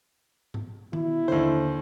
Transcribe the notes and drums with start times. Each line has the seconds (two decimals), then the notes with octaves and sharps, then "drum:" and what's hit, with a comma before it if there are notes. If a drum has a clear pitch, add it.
0.54 drum: tom G#2
0.93 B2 E4, drum: tom D#3
1.28 D#2 D3 C5